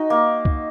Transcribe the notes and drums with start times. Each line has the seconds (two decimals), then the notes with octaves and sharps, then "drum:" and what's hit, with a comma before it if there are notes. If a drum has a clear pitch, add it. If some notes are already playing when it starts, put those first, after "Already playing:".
Already playing: D#4 F#4
0.10 A#3
0.45 drum: kick